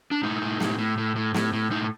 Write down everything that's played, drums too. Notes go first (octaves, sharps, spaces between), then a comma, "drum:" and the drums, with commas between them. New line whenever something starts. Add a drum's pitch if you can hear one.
D4
A2 D#4
A2
A2, drum: snare
A2
A2
A2
A2, drum: snare
A2
A2 D#4